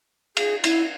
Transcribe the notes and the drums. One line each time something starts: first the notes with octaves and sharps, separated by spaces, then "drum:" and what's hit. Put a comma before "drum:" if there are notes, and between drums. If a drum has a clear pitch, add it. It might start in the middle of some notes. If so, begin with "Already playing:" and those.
G#4, drum: cymbal
E4, drum: cymbal